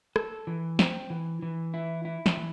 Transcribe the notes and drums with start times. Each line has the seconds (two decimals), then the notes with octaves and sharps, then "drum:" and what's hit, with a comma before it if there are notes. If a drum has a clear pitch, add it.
0.16 A4, drum: rim click
0.47 E3
0.79 C4, drum: snare
1.10 E3
1.43 E3
1.74 E4
2.05 E4
2.26 drum: snare
2.37 E3